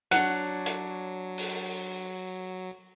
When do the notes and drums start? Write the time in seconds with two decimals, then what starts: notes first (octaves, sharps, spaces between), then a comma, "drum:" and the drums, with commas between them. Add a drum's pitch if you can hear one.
0.11 F#3 D4 C#5 F#5, drum: hi-hat
0.66 drum: hi-hat
1.38 drum: open hi-hat